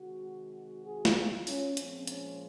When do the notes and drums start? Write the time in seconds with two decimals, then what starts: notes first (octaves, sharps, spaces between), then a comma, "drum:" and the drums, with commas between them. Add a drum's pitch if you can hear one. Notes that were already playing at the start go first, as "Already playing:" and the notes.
Already playing: C3 D#3 G#3 F#4
0.84 G#4
1.05 drum: snare
1.16 F4
1.47 C#4, drum: open hi-hat
1.77 A#2 F3 G#3 C4, drum: hi-hat
2.07 C#4, drum: hi-hat